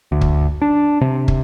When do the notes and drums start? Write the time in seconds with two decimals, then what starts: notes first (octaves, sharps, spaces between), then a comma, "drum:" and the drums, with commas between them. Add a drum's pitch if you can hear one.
0.12 D2
0.21 drum: kick
0.62 D4
1.01 C3
1.28 drum: kick